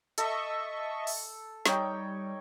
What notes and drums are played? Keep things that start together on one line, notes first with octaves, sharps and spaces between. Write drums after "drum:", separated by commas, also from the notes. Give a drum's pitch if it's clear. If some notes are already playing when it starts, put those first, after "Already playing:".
A4 D#5 E5 C#6, drum: hi-hat
drum: open hi-hat
G3 D#4 C#5 G5, drum: snare